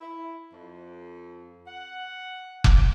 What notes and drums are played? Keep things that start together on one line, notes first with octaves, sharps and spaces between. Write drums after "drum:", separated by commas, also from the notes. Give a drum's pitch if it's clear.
E4
F2
F#5
drum: kick F1